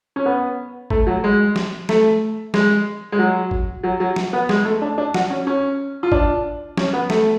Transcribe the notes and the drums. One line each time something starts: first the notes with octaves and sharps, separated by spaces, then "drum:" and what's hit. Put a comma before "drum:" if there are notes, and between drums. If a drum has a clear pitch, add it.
C#4
B3
A3, drum: kick G#1
F#3
G#3
drum: snare
A3, drum: snare
G#3, drum: snare
G#3
F#3
drum: kick G#1
F#3
F#3
drum: snare
B3
G#3, drum: snare
A3
D4
D4
F#4, drum: snare
C#4
C#4
F4
D4, drum: kick G#1
C#4, drum: snare
B3
A3, drum: snare